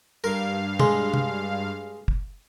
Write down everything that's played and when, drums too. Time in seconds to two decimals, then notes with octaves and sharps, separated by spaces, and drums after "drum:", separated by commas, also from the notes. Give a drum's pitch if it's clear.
0.24 G2 A#4 F5
0.80 G#3, drum: tom
1.14 drum: tom C3
2.08 drum: kick